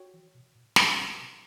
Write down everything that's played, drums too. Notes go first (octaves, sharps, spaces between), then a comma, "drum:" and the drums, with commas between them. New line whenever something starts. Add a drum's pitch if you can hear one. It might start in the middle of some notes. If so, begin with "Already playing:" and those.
Already playing: F#4 C#5 G5
E3
B2
A#2
B2, drum: snare
B2
B2